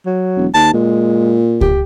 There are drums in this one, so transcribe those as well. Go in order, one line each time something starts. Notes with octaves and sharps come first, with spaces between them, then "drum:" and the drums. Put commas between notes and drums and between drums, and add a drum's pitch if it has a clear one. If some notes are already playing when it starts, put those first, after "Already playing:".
F#3
E1
D#2 A5
A#2 G#3
G4, drum: kick C#2